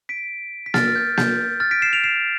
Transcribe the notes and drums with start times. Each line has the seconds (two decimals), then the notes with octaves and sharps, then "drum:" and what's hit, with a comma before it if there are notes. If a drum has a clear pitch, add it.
0.09 B6 D7
0.66 B6
0.74 F6 A6, drum: snare A#3
0.88 F6
0.96 G6
1.17 G6, drum: snare A#3
1.60 F6 A6
1.71 B6 D7
1.82 C7 E7
1.93 D7 F7
2.04 C7 E7